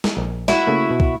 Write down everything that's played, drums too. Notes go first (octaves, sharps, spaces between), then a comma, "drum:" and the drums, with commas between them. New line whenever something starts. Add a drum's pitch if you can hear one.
drum: snare
A#1
E4 F#4, drum: snare
C#3 A3 A#3
B2
drum: kick